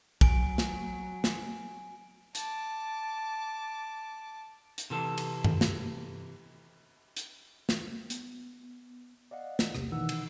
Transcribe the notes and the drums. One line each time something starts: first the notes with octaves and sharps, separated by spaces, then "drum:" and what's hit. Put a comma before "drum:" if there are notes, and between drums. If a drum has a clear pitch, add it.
F#3 G#5 D7, drum: kick
drum: snare
drum: snare
A5 D6, drum: hi-hat
drum: hi-hat
C3 E3 A4
drum: cymbal
drum: tom G2
drum: snare
drum: hi-hat
drum: snare
B3, drum: hi-hat
D5 D#5 F5 F#5
drum: snare
B1 E2 C3, drum: rim click
B2 D#3 E3 D#4 F#5 E6
drum: cymbal